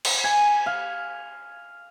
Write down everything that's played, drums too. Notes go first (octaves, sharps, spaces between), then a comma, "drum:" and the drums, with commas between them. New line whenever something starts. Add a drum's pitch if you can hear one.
drum: cymbal
G#5
F5